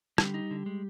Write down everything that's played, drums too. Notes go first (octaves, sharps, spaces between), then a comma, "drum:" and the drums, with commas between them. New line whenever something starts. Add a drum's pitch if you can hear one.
D3 G3 G4, drum: rim click
D#4
D3
G#3